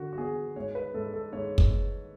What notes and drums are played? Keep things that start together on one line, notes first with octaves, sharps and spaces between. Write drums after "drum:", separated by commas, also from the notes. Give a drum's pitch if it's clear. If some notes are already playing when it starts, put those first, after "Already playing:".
Already playing: D3 F#4
F#4
B3 G#4
G#2 C#5
B4
G#2 A4
A4
G#2 C#5
drum: kick
G#2